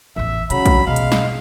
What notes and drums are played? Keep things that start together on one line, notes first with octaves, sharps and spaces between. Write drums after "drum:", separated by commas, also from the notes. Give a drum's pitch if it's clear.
A1 E2 E5
C#3 F#3 B5, drum: hi-hat
drum: kick, hi-hat
B2 G#3 F5
drum: hi-hat
drum: snare